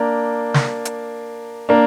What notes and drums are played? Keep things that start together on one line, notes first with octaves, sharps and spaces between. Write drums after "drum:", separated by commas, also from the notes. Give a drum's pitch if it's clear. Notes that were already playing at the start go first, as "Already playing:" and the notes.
Already playing: A#3 D4
drum: snare
drum: hi-hat
A#3 D4